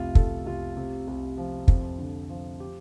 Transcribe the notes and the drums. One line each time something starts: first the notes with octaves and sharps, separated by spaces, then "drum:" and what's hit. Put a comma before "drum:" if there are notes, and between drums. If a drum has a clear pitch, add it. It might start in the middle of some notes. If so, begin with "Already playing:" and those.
Already playing: F1 C2 F4
C2 A4, drum: kick
C2 F4
C3
C2
F3
F2, drum: kick
D3
F3
G4